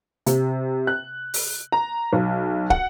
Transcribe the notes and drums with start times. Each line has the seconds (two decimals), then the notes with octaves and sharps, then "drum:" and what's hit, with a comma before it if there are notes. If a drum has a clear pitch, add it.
0.26 C3, drum: hi-hat
0.87 F#6
1.34 drum: open hi-hat
1.72 A#5
2.13 B1
2.70 F#5, drum: kick